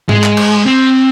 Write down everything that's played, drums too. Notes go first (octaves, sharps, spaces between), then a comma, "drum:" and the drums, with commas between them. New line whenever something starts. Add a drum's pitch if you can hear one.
G#3, drum: tom G#2
drum: clap
drum: cymbal
C4